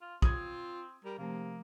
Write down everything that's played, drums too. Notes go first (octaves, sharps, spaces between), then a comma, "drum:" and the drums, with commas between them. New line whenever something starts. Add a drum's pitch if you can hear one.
F4
C4 F4 D#6 G#6, drum: kick
G3 A#4
C3 F3 A3 A#3